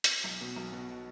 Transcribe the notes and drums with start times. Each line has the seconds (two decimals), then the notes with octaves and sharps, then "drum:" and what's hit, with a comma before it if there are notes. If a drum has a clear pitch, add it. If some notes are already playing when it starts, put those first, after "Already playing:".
0.04 drum: hi-hat
0.24 B1
0.40 B2 B3 F#4
0.56 B1
0.72 B2 B3 F#4